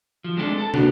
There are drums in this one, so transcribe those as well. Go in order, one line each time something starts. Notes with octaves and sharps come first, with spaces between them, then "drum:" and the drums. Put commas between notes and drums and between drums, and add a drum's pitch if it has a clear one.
F3
G#3 A3 C4 D4 F#4 A4
A4 A5
A#3 B3 D4 F#4 G4, drum: tom